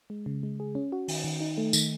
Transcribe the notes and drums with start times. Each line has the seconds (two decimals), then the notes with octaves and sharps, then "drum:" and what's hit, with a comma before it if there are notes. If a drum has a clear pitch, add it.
0.10 G#3
0.26 C#3
0.43 G#3
0.60 G#4
0.75 C#4
0.92 F#4
1.08 D#3, drum: open hi-hat
1.24 D#3
1.41 D#4
1.58 A3
1.73 D#3, drum: tambourine